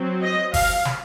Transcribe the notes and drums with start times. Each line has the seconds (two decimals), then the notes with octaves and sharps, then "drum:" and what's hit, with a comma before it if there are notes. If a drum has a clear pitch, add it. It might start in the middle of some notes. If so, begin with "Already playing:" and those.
Already playing: F#3 C4
0.23 D#5
0.54 F5, drum: kick F#1, open hi-hat
0.85 drum: snare